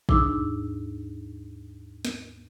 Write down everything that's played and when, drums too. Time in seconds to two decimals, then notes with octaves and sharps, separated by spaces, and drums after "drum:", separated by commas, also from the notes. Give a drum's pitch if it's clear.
0.09 D#2 G#2 D4 D#4 D6 E6, drum: kick
2.05 drum: snare